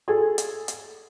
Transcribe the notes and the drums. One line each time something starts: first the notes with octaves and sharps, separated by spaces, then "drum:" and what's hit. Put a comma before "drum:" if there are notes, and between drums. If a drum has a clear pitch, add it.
G#4 A4
drum: hi-hat
drum: hi-hat